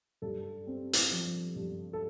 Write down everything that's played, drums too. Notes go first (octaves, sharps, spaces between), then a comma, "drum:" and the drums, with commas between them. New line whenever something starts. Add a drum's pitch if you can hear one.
G2 A4
C4
drum: hi-hat
F3
G2
A4